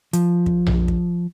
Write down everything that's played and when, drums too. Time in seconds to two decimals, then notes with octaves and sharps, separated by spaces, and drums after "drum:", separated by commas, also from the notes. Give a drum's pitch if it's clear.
0.13 F3, drum: hi-hat
0.46 drum: kick
0.67 drum: tom A#1
0.88 drum: kick